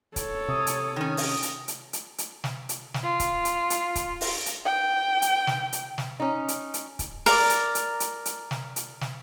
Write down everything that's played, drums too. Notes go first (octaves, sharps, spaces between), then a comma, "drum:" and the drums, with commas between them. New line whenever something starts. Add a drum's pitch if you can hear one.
A4 C#5, drum: kick C#1, hi-hat
C3 D#6
drum: hi-hat
D#3 C#4
drum: open hi-hat
drum: hi-hat
drum: hi-hat
drum: hi-hat
drum: hi-hat
drum: snare
drum: hi-hat
drum: snare
F4
drum: kick C#1, hi-hat
drum: hi-hat
drum: hi-hat
drum: kick C#1, hi-hat
drum: open hi-hat
drum: hi-hat
G5
drum: hi-hat
drum: snare
drum: hi-hat
drum: snare
C#4 D#4
drum: hi-hat
drum: hi-hat
drum: kick C#1, hi-hat
A#4 D5, drum: open hi-hat
drum: hi-hat
drum: hi-hat
drum: hi-hat
drum: hi-hat
drum: snare
drum: hi-hat
drum: snare